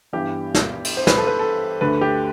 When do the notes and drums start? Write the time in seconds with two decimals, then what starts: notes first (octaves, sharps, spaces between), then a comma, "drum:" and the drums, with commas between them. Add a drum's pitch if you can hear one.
0.13 G2 E3 B3 D4 G4
0.55 drum: snare
0.85 drum: cymbal
0.97 C5
1.07 B4, drum: snare
1.17 A4
1.27 B4
1.39 A4
1.81 D2 D3 A3 B4
2.01 G4